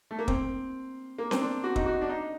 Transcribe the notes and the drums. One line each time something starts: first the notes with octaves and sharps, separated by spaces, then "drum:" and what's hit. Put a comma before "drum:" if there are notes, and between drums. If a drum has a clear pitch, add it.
A3
A#3
C4, drum: kick
A#3
C4, drum: snare C#4
D4
F#4
D#4, drum: kick
F#4
D4
D#4